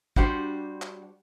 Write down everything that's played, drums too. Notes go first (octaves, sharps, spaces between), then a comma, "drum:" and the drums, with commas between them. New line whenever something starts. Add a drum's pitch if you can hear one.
G3 D4 F#4 G4 C5, drum: kick
drum: clap